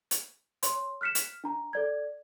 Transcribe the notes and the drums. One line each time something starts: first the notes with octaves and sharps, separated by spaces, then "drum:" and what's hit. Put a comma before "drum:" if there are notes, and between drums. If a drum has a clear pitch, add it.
drum: hi-hat
C#5 C6, drum: hi-hat
F6 F#6 B6 C#7 E7
drum: hi-hat
D4 A#5
A4 D5 G#6